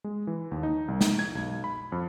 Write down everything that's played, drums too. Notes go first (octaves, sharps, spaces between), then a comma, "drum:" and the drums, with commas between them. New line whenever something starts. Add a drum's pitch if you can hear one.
G#3
E3
D#2
D#4
C2
D#4, drum: snare
G#6
B1
B5
F2